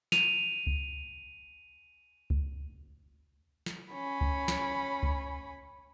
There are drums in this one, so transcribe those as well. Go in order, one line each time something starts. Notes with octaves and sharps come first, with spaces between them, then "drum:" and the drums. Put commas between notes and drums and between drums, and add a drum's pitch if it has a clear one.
D#7 F7, drum: snare
drum: kick C#2
drum: kick C#2
drum: snare
C#4 B5
drum: kick C#2
drum: snare
drum: kick C#2